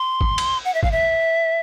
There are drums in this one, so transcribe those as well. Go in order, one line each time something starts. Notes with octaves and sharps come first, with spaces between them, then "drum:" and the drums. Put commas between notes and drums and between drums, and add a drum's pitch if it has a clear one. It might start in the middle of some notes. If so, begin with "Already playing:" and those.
Already playing: C6
drum: kick
drum: cymbal
F#5
E5
F5, drum: kick
E5